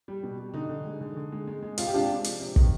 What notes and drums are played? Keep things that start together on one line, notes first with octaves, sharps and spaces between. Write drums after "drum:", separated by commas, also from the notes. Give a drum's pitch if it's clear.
G3
B2
G3
D3 D#4
D3
G#3
D3
D3
G#3
G#3
G#3
C3 F4, drum: hi-hat
G4
C3 D4 F4
G#3
F3, drum: hi-hat
C3
D#3, drum: kick